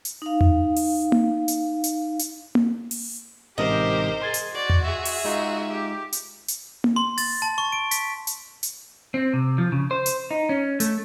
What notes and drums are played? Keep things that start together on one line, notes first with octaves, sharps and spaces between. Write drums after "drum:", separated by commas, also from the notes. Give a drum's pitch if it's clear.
drum: hi-hat
D#4 F5
drum: tom E2
drum: open hi-hat
drum: tom A#3
drum: hi-hat
drum: hi-hat
drum: hi-hat
drum: tom A#3
drum: open hi-hat
A1 G#2 C3 G4 A#4 C5 D#5
G#4 C6 G#6 A6
drum: hi-hat
F#4 D5
drum: tom E2
G#4 E5
drum: open hi-hat
G#3 D#4 F4 F#4
G4
drum: hi-hat
drum: hi-hat
drum: tom A#3
C6
A6, drum: open hi-hat
A5
C#6
D7
B6, drum: hi-hat
drum: hi-hat
drum: hi-hat
C4
C3
F3
C#3
C5
drum: hi-hat
D#4
C#4
A3, drum: hi-hat